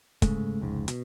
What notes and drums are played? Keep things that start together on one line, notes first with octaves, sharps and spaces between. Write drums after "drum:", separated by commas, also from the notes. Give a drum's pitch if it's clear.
G#2 C#3 G#3 A3, drum: kick, hi-hat
F1 C#2 G#2
B2, drum: hi-hat